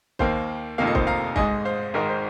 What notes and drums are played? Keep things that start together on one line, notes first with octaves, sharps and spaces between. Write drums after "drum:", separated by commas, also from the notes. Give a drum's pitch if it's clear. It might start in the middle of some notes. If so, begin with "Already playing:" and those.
D#2 D#3 A#3 C5 F5, drum: kick
F1 F2 C3 D#3 A#3 F5
D#5
C5 F5, drum: kick
F5 A#5
G#1 G#2 G#3 D#5 G#5, drum: kick
C5 F5
G#1 G#2 D#3 G#3 A#4
C5